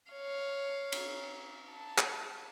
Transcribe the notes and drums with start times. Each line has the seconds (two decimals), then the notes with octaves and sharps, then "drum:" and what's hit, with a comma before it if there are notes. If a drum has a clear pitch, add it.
0.13 C#5 F5
0.92 drum: cymbal
1.71 A5
1.98 drum: clap